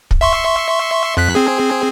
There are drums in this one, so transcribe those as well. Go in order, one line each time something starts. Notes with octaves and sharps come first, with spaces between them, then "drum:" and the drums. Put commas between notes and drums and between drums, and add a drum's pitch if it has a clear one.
drum: kick
E5 C6 C#6
F2 F#6 B6
C4 G#4